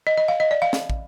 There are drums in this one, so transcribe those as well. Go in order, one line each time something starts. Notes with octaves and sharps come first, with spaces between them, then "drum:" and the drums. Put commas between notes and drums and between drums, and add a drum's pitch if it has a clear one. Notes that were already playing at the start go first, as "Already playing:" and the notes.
D#5
D#5
F5
D#5
D5
F5
drum: snare
drum: kick